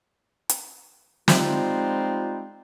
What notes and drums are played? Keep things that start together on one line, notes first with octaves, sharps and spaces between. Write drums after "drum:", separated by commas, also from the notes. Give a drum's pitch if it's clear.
drum: hi-hat
F3 G3 G#3 C4 D#4 F4, drum: snare